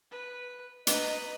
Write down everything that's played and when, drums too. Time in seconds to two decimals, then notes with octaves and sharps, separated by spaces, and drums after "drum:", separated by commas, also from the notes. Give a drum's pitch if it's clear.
0.11 B4
0.87 B4 D#5 A#5, drum: hi-hat